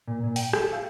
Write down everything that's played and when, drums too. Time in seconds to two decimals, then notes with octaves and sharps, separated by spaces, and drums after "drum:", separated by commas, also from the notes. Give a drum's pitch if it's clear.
0.08 A#2
0.24 A#2
0.36 G5, drum: open hi-hat
0.53 A4, drum: rim click
0.73 F5